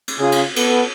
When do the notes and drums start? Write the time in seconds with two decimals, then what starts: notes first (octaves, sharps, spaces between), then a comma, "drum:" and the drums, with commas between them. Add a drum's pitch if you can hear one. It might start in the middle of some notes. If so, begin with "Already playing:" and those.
0.08 drum: cymbal
0.18 C#3 F4 G#4
0.32 drum: cymbal
0.56 B3 A4, drum: cymbal